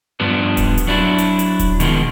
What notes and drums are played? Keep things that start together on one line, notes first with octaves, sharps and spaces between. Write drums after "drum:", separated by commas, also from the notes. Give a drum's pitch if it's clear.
G2 F3 G3 B3 D4
drum: kick D#1, hi-hat
drum: hi-hat
F#3 D4 E4
drum: hi-hat
drum: hi-hat
drum: kick D#1, hi-hat
B2 D#3 F3 G#3, drum: hi-hat